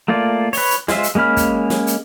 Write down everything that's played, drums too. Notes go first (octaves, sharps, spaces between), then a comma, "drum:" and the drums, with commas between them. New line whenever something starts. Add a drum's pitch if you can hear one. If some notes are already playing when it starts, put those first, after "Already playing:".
A3 A#3 F4 D5
B4 C#5, drum: open hi-hat
drum: hi-hat
G#3 F4 C5 E5, drum: snare
drum: hi-hat
G#3 A#3 C#4 B5 F6
drum: kick, hi-hat
drum: snare
drum: hi-hat